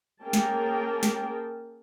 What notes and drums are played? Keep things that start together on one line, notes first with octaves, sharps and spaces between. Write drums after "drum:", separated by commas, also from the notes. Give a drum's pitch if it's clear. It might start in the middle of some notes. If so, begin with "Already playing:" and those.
A#3 C#4 G#4 A#4 G5 A5
drum: snare
drum: snare